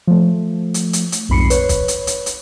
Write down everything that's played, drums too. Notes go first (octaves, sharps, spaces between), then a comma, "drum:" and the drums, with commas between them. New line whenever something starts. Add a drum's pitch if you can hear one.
F3 A3
drum: hi-hat
drum: hi-hat
drum: hi-hat
B1 F2 G#2 B5 C7 C#7
B4 C#5, drum: hi-hat
drum: kick, hi-hat
drum: hi-hat
drum: hi-hat
drum: hi-hat